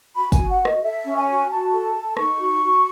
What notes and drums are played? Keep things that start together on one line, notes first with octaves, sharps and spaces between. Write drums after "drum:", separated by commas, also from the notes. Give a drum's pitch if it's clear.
F#4 B5
G#5, drum: kick G1, tambourine
F#4
F#5
F#4
D#5, drum: rim click
A4 E5
C#4
G#5
F#4
F#4 A5
A4
A4
D#4 C#6, drum: rim click
F#4
F#4